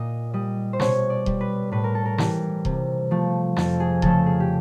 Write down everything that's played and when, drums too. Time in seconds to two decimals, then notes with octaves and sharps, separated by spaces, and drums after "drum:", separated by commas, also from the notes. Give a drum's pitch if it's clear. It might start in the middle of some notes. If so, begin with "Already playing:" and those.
Already playing: A#2 D#5
0.34 G3 D#5
0.73 C5
0.80 B2 C#5, drum: snare
1.10 D5
1.26 G3, drum: kick D#1
1.41 B4
1.72 A2 B4
1.84 A#4
1.95 A4
2.06 A#4
2.18 E3 G3, drum: snare
2.65 C3, drum: kick D#1
3.11 F3 A3
3.56 F2 A4, drum: snare
3.80 G#4
4.02 C#3 F3 A3 A4, drum: kick D#1
4.26 G#4
4.40 G4